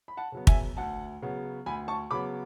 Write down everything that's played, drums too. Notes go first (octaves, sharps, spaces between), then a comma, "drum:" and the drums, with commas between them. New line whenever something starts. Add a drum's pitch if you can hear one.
B5
F#5 A5
C#3 F#3 B3
E5 G#5, drum: kick
D2 F#5 A5
C#3 F#3 B3
D2 G#5 B5
A5 C#6
C#3 F#3 B3 B5 D6